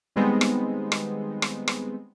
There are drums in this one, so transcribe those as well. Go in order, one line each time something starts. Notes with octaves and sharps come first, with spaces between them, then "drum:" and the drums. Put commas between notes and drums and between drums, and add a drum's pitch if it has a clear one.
D#3 G3 G#3 B3 C4 D#4
drum: rim click
drum: rim click
drum: rim click
drum: rim click